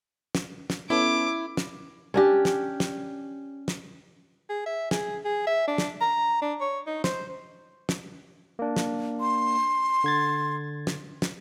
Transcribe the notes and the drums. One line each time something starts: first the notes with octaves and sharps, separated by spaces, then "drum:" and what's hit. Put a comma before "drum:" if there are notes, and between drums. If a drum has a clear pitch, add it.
drum: snare
drum: snare
B3 C#4 E4 A4 D6
drum: snare
C#4 D4 G4
drum: snare
drum: snare
drum: snare
G#4
E5
G#4, drum: snare
G#4
E5
D4
drum: snare
A#5
D4
C#5
D#4
C5, drum: snare
drum: snare
A#3 D4
drum: snare
C6
D3 G#6 A6
drum: snare
drum: snare